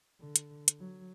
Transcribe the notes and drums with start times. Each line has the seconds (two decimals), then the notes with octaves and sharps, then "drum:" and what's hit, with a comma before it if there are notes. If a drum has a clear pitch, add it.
0.20 D3
0.36 drum: hi-hat
0.68 drum: hi-hat
0.79 F#3